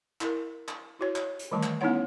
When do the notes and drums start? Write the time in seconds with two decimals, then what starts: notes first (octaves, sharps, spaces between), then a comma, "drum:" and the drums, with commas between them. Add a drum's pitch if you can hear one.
0.21 E4 A#4, drum: clap
0.68 drum: clap
0.99 E4 F#4 C#5
1.16 drum: clap
1.39 drum: hi-hat
1.51 D#3 E3 G3 A3 A5
1.63 drum: clap
1.81 B3 C#4 D#4 E4 C#5 F#5